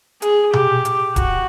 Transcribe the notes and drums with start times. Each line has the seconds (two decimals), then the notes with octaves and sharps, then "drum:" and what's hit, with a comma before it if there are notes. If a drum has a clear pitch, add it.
0.22 G#4, drum: hi-hat
0.53 G4, drum: tom B2
0.85 drum: hi-hat
1.16 F#4, drum: kick D1, hi-hat